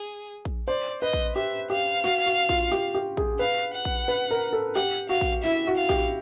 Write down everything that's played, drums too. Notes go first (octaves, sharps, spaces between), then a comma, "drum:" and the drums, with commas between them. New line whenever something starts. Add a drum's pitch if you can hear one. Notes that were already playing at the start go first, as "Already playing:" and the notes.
Already playing: G#4
drum: kick A#1
C5 D5
B4 D#5
drum: kick A#1
G4 E5
G4 F5
F#4, drum: snare
F#4
F4, drum: kick A#1
G4, drum: snare
G4
G#4, drum: kick A#1
B4 F5
F#5
drum: kick A#1
B4
A#4
A4
G4 F#5, drum: snare
F#4 F5
drum: kick A#1
E4 E5, drum: snare
F#4
F5
G4, drum: kick A#1